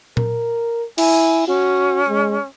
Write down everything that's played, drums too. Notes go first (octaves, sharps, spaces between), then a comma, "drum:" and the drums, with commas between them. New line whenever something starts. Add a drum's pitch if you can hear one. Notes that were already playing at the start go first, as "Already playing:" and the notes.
A#4, drum: tom A#2
E4 G#5, drum: cymbal
C#4 F#4
G#3